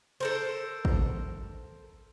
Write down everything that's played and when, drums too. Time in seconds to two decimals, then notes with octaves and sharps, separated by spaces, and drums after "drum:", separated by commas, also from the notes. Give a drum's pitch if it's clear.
0.20 A4 A#4 C5
0.85 drum: kick